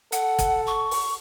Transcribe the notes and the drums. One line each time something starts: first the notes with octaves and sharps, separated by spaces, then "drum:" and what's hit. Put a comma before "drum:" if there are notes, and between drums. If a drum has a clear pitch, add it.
A4 F#5, drum: hi-hat
drum: kick, hi-hat
C#6
drum: open hi-hat